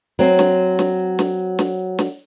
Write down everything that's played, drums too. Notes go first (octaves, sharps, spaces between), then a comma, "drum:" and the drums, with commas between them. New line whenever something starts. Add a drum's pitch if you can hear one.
F#3 C4
drum: snare
drum: snare
drum: snare
drum: snare
drum: snare